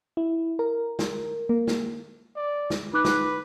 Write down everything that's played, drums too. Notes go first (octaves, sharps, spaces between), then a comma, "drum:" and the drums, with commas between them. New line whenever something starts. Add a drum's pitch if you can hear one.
E4
A#4
drum: snare
A#3
drum: snare
D5
drum: snare
D#4 B4 D6 F#6
drum: snare